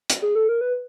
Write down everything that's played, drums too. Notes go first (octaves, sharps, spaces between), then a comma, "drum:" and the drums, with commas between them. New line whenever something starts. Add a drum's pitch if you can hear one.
drum: hi-hat
G#4
A4
A#4
B4